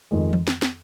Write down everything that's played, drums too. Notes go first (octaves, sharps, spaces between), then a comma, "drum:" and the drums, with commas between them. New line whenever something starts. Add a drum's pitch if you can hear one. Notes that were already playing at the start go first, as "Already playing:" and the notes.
F2 D#3 G#3
drum: tom E3
drum: snare
drum: snare